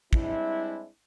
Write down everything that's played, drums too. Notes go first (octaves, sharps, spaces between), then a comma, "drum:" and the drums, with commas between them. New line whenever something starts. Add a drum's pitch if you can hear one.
G3 G#3 C4 D4 E4, drum: kick